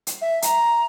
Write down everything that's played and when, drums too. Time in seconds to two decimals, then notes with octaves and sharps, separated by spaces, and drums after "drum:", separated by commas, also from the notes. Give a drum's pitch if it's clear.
0.07 drum: hi-hat
0.21 E5
0.42 A#5, drum: hi-hat